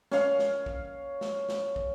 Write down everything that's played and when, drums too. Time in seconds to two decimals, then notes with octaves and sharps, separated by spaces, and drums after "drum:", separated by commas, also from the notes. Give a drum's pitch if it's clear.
0.11 C#4 F5, drum: snare
0.39 drum: snare
0.66 drum: kick
1.21 drum: snare
1.49 drum: snare
1.76 drum: kick